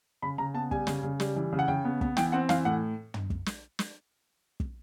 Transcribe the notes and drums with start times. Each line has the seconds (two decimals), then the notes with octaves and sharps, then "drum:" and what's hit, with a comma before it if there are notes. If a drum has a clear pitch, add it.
0.22 C#3 B5
0.38 C#3 A#5
0.54 B3 A5
0.71 G3 G#5, drum: kick
0.87 C#3, drum: snare
1.03 C#3
1.20 G3, drum: snare
1.36 E3
1.52 C#3
1.59 F#5
1.68 C#3 G5
1.85 B3
2.01 B3, drum: kick
2.17 E3 G5, drum: snare
2.32 C4 F#5
2.49 E3 F5, drum: snare
2.65 A2 F#5
3.14 drum: tom
3.30 drum: kick
3.46 drum: snare
3.79 drum: snare
4.60 drum: kick